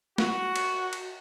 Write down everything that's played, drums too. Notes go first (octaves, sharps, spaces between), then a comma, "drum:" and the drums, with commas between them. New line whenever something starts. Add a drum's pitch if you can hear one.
F#4, drum: snare
drum: cymbal
drum: cymbal